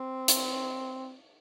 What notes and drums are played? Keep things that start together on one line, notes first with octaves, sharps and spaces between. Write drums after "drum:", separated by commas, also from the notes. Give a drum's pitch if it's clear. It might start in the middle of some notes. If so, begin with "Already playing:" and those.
Already playing: C4
drum: hi-hat